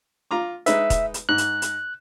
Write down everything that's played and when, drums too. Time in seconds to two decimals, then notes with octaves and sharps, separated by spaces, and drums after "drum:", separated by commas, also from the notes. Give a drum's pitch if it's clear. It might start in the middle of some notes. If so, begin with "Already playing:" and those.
0.31 F4 A#5 D6
0.66 G#3 D#4 B4 E5, drum: hi-hat
0.90 drum: kick, hi-hat
1.14 drum: hi-hat
1.29 G#2 F#6
1.38 drum: hi-hat
1.62 drum: hi-hat